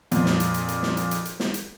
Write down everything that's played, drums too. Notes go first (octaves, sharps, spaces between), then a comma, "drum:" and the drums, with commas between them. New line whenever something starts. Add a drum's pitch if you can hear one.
F2 A#2, drum: hi-hat
drum: snare
drum: hi-hat
drum: hi-hat
drum: hi-hat
drum: snare
drum: hi-hat
drum: hi-hat
drum: hi-hat
drum: snare
drum: hi-hat